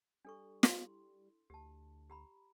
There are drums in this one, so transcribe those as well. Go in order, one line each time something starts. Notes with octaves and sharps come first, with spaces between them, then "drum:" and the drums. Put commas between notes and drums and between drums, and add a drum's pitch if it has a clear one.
G3 D4 A4 C#6
E4 C6, drum: snare
D2 G4 A5
G4 A#5 B5